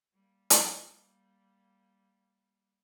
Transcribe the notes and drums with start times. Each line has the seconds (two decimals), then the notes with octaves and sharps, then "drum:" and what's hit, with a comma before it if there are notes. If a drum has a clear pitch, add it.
0.13 G3 A#3
0.50 drum: hi-hat